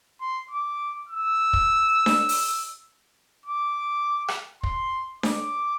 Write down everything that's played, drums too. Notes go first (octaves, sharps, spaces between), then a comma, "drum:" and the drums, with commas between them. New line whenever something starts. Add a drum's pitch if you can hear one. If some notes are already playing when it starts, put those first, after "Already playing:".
C6
D6
E6
drum: kick
drum: snare D4
drum: open hi-hat
D6
drum: rim click
C6, drum: kick
D6, drum: snare D4